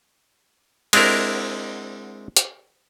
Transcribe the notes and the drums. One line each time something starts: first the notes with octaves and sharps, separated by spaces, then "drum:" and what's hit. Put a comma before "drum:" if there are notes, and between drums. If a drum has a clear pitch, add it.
G#3 C4 D4 E4 A#4, drum: cymbal
drum: hi-hat